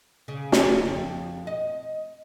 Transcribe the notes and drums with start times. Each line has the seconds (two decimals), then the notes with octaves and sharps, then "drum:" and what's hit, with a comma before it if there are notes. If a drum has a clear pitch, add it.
0.28 C#3
0.52 drum: snare
0.86 F2
1.47 D#5